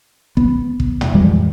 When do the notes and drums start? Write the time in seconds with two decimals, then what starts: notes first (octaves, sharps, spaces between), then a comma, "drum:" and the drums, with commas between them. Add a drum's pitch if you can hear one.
0.37 B3, drum: kick
0.80 drum: kick
1.01 drum: tom
1.14 F2 E3 G3 G#3